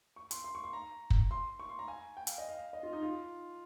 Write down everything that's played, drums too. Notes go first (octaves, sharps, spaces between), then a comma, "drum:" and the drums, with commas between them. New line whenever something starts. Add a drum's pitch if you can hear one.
C#6
C6, drum: hi-hat
C6
C#6
C6
A#5
drum: kick
C6
C#6
C6
A#5
G#5
G5
F5, drum: hi-hat
D#5
F5
D#5
F4
D#4
F4